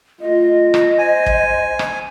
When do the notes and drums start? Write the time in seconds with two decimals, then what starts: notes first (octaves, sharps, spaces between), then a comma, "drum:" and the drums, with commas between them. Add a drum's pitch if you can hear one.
0.21 A3 F4 D#5
0.74 drum: rim click
0.98 C5 G#5
1.26 drum: kick
1.79 drum: rim click